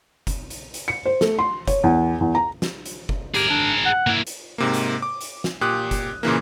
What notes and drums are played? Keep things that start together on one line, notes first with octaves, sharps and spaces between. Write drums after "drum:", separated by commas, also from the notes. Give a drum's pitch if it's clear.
drum: kick F#1, hi-hat
drum: hi-hat
drum: hi-hat
C#7
C5
A3, drum: snare
C6
C#5, drum: kick F#1, hi-hat
E2
E2
A#5
drum: snare
drum: hi-hat
drum: kick F#1
G4 G#4 A#4, drum: hi-hat
D4
F#5
A#3 E4
drum: hi-hat
G#2 C3 A#3
drum: hi-hat
D6
drum: hi-hat
drum: snare
A#2 G4 D#6 F#6
drum: kick F#1, hi-hat
A#2 C#3 E3 A#3